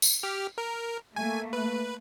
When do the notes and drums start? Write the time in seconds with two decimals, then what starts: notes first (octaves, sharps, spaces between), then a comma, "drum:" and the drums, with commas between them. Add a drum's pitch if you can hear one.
0.02 drum: tambourine
0.23 G4 F6
0.58 A#4
1.16 A3 A#3 G#5
1.53 B4